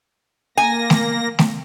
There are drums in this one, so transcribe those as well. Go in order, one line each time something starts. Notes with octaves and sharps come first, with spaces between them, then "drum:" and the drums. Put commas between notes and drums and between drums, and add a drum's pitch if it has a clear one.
A#3 G#5 A#6
drum: snare A3
drum: snare A3